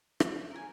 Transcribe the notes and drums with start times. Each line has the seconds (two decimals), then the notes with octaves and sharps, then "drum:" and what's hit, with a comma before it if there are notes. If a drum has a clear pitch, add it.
0.20 C#5, drum: rim click
0.51 A#4
0.56 G#5